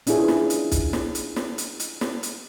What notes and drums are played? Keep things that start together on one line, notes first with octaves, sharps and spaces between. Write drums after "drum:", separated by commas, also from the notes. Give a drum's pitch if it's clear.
C#4 D4 E4 F4 G#4 B4, drum: hi-hat
drum: snare
drum: hi-hat
drum: kick, hi-hat
drum: snare
drum: hi-hat
drum: snare
drum: hi-hat
drum: hi-hat
drum: snare
drum: hi-hat